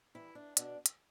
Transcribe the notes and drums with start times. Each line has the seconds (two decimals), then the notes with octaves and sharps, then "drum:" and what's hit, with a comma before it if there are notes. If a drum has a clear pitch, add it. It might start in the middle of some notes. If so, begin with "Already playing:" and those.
0.15 E3 G3 E4
0.35 D4
0.57 B2 D4, drum: hi-hat
0.86 drum: hi-hat